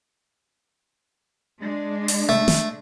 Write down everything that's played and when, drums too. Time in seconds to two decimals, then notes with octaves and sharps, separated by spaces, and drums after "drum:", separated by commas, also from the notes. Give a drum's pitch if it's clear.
1.60 G#3 D4
2.08 drum: open hi-hat
2.29 A3
2.48 drum: snare